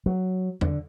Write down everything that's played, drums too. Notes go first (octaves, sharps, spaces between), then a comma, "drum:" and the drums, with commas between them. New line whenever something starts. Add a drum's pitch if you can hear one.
F#3
D3, drum: tom E2